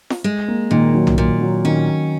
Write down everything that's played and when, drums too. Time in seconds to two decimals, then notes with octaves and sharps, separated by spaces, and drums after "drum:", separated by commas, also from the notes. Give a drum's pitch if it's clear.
0.10 drum: snare
0.24 G#3
0.48 A#3
0.71 A#2 D#3
0.94 F#3
1.07 drum: tom B1
1.18 A#2
1.41 F#3
1.64 D#3 C#4